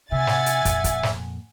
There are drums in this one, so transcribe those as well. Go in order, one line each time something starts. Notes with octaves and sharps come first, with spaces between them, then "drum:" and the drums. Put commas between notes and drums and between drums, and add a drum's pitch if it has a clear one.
C3 E5 F#5 G#5 A6
drum: snare
drum: hi-hat
F2 A#2, drum: kick, hi-hat
drum: kick, hi-hat
drum: snare